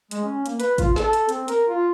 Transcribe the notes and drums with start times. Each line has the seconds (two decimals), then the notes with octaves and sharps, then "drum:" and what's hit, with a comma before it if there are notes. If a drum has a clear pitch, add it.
0.11 G#3, drum: hi-hat
0.24 C#4
0.46 A#3, drum: hi-hat
0.60 B4, drum: hi-hat
0.78 F4, drum: kick, hi-hat
0.96 A4, drum: snare
1.13 drum: hi-hat
1.29 C4, drum: hi-hat
1.48 A#4, drum: hi-hat
1.69 F4